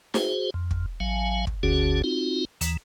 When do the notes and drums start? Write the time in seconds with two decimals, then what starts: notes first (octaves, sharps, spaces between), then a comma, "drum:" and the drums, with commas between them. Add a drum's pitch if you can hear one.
0.14 F#4 G#4 C5, drum: snare
0.54 F2
0.71 drum: kick
1.00 A1 F#3 F5 G#5
1.47 drum: kick
1.63 F#1 D2 D3 C#4 F#4 G#4
2.04 C4 D#4 F4 F#4
2.61 D#2 E3, drum: hi-hat